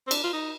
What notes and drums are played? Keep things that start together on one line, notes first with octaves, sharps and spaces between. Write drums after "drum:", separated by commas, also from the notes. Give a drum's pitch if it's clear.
C4
D4, drum: cymbal
F4
D#4